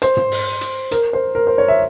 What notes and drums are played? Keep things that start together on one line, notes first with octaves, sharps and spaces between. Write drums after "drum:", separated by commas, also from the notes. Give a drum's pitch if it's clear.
C5, drum: hi-hat
drum: tom
drum: open hi-hat
drum: hi-hat
A#4, drum: hi-hat
C5
A#4
C5
C#5
E5